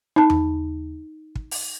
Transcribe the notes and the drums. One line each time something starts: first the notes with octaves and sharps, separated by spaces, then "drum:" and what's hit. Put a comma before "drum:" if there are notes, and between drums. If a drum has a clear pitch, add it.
D#4 A5
drum: tom E2
drum: kick
drum: open hi-hat